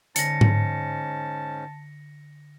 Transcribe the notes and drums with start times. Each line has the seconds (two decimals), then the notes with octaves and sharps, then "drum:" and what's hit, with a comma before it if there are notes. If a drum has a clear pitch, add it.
0.16 G#2 D3 C#4 A5 A#6 C#7, drum: hi-hat
0.41 drum: tom G#2